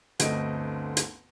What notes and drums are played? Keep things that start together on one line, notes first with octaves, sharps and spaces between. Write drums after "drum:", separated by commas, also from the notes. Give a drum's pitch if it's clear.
G1 D2 A3 C4 D#5 D7, drum: hi-hat
drum: hi-hat